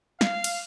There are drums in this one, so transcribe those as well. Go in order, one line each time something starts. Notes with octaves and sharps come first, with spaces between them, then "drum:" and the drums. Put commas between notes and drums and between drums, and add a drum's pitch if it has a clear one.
F5, drum: snare
drum: cymbal